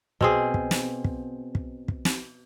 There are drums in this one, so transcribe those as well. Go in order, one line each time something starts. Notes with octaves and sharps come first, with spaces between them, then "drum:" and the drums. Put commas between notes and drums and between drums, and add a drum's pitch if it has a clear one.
B2 C4 G#4, drum: kick
drum: kick
drum: snare
drum: kick
drum: kick
drum: kick
drum: snare